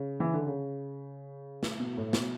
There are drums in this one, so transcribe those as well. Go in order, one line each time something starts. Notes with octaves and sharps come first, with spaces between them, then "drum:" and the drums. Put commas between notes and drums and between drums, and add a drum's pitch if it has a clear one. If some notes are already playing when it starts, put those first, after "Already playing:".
Already playing: C#3
E3
D3
C#3
drum: snare
B2
A2
B2, drum: snare